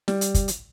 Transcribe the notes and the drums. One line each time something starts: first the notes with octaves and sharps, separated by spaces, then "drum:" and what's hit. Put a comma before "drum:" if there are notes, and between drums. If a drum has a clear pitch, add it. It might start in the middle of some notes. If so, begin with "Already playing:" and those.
G3, drum: snare
drum: hi-hat
drum: kick, hi-hat
drum: hi-hat